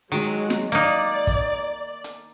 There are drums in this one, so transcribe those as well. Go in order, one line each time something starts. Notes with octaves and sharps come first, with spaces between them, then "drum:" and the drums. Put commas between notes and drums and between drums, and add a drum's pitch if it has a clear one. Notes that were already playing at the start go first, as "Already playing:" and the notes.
D#3 F#3 G#3
drum: snare
A#3 D#4 D5
drum: kick, hi-hat
drum: hi-hat